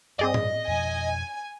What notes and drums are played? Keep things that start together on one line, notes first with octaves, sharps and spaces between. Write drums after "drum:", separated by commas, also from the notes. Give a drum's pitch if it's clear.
G2 C4 G#4 D5 D#5
drum: tom A2
F2 B2 F3 G#5